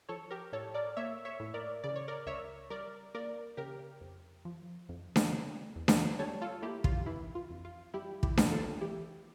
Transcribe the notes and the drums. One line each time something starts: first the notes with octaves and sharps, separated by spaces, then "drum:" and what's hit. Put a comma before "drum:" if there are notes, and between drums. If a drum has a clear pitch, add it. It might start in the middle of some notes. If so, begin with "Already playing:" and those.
F3 A4 C#5
G4 A#4
A2 A4 C#5
A#4 D5
A#3 C#5 E5
C#5 E5
A2
A#4 D5
C#3 D5
C#5
A#4 D5
C#2 C#5 E5
G3 A#4 D5
A#3 A#4 D5
C#3 G4 A#4
F2
F3
F2
drum: snare D4
C#3
E2
drum: snare D4
G3 A4 C#5
F4 A4
A#3 E4 G4
F4, drum: kick
E3 E4
F4
F2
F4
G3 E4 G4
E4 G4, drum: kick
A#3, drum: snare D4
F4 A4
E3 E4 G4